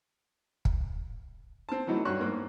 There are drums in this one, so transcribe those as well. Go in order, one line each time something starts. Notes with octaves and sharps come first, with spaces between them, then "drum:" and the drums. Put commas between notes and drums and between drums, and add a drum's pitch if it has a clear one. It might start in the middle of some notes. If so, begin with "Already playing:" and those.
drum: kick
C4 A5
E3 F#3 A3 D#4 E4
G2 F#4 C#5 C#6 F#6
G#2 A#3